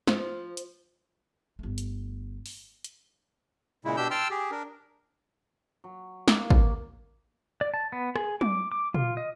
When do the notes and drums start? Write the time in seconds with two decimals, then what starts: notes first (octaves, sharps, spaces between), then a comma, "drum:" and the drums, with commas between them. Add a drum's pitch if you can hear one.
0.07 F3, drum: snare
0.57 drum: hi-hat
1.59 G1 A3
1.78 drum: hi-hat
2.46 drum: open hi-hat
2.84 drum: hi-hat
3.85 A#2 C#3 G#3 E4
3.97 B2 D4 G4 E6 G6
4.11 G5 A5 C6 E6 F6
4.30 G4 G#4
4.51 D4 A#4
5.84 F#3
6.28 A#3, drum: snare
6.50 drum: kick
7.61 D5
7.74 A5
7.92 B3
8.16 G#4, drum: rim click
8.41 D6, drum: tom
8.72 D6
8.94 F4, drum: tom A#2
9.17 D#5